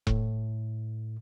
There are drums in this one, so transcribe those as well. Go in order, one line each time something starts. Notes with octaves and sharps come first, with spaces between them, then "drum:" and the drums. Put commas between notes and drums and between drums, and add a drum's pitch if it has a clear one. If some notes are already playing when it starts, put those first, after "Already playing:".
A2, drum: kick E1